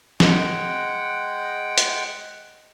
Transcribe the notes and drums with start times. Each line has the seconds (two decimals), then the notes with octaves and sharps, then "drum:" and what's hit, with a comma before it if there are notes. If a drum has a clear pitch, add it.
0.20 G#3 F#5 G5, drum: snare
1.78 drum: hi-hat